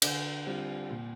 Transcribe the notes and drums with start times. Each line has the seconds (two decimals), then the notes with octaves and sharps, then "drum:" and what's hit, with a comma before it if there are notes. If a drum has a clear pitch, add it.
0.02 D3, drum: cymbal
0.47 G3 C4 F4
0.90 A#2